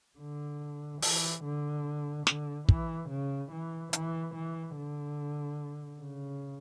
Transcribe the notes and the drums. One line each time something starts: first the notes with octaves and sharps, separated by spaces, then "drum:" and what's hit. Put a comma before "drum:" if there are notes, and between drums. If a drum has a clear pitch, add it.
D3
E3, drum: open hi-hat
D3
D3, drum: snare
E3, drum: kick
C#3
E3
E3, drum: hi-hat
E3
D3
C#3